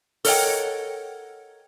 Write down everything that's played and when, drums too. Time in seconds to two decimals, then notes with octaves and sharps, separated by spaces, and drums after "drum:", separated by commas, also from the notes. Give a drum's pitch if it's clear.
0.25 A4 A#4 C#5 D#5 F#5 G5, drum: open hi-hat